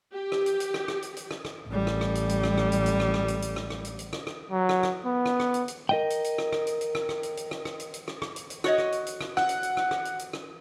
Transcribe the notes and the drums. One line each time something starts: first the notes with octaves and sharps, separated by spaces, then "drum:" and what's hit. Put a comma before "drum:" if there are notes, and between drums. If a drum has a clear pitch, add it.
G4
drum: rim click
drum: hi-hat
drum: hi-hat
drum: rim click
drum: rim click
drum: hi-hat
drum: hi-hat
drum: rim click
drum: rim click
A1 G3
drum: rim click
drum: rim click
drum: hi-hat
drum: hi-hat
drum: rim click
drum: rim click
drum: hi-hat
drum: hi-hat
drum: rim click
drum: rim click
drum: hi-hat
drum: hi-hat
drum: rim click
drum: rim click
drum: hi-hat
drum: hi-hat
drum: rim click
drum: rim click
F#3
drum: rim click
drum: rim click
B3
drum: rim click
drum: rim click
drum: hi-hat
drum: hi-hat
A#4 D#5 G5
drum: hi-hat
drum: hi-hat
drum: rim click
drum: rim click
drum: hi-hat
drum: hi-hat
drum: rim click
drum: rim click
drum: hi-hat
drum: hi-hat
drum: rim click
drum: rim click
drum: hi-hat
drum: hi-hat
drum: rim click
drum: rim click
drum: hi-hat
drum: hi-hat
F#4 C#5 D#5, drum: rim click
drum: rim click
drum: hi-hat
drum: hi-hat
drum: rim click
F#5, drum: rim click
drum: hi-hat
drum: hi-hat
drum: rim click
drum: rim click
drum: hi-hat
drum: hi-hat
drum: rim click